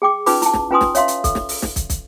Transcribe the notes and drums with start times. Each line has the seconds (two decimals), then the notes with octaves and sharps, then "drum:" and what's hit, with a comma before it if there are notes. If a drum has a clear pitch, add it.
0.02 G#4 G5 D6
0.26 C#4 D#4 F4 B4 B5 D6, drum: open hi-hat
0.42 E4 A5, drum: hi-hat
0.54 drum: snare
0.70 C#4 F4 B4 G#5 C6 D#6
0.81 drum: snare
0.95 C#5 E5 F5 C6, drum: hi-hat
1.08 drum: hi-hat
1.24 A4, drum: kick, hi-hat
1.35 drum: snare
1.49 drum: open hi-hat
1.62 drum: snare
1.76 drum: kick, hi-hat
1.90 drum: kick, hi-hat